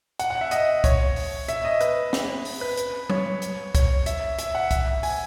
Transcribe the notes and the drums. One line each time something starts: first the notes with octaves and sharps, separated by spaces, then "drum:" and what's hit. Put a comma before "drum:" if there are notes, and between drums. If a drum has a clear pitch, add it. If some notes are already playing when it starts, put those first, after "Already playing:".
F#5, drum: hi-hat
F#5
E5
D#5, drum: hi-hat
C#5, drum: kick C2, hi-hat
drum: open hi-hat
E5, drum: hi-hat
D#5
B4, drum: hi-hat
drum: snare
drum: open hi-hat
B4
drum: hi-hat
C#5, drum: tom F#3
drum: hi-hat
C#5, drum: kick C2, hi-hat
E5, drum: hi-hat
E5, drum: hi-hat
F#5
E5, drum: kick C2, hi-hat
G#5, drum: open hi-hat